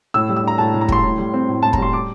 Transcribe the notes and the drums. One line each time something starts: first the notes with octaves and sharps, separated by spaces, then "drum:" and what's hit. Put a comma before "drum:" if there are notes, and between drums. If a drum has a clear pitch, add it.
A2 E6
G3
E6
D4 A#5
A2 A5
A2
A#5
G3 C6, drum: kick
A2
G3
C4
A2
A2 A5
A#5, drum: kick
G3 C6
D6